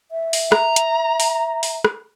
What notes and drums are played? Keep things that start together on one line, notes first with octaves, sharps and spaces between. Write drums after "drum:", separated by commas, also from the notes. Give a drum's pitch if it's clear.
E5
drum: open hi-hat
A#5, drum: rim click
drum: hi-hat
drum: open hi-hat
drum: open hi-hat
drum: rim click